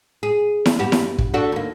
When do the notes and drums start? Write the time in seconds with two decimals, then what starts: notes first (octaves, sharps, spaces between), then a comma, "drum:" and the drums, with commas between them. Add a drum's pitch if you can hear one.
0.23 G#4
0.66 drum: snare E4
0.79 G2 F#4 G4
0.92 drum: snare E4
1.19 drum: kick
1.34 A3 D4 F#4
1.52 D#2 A#3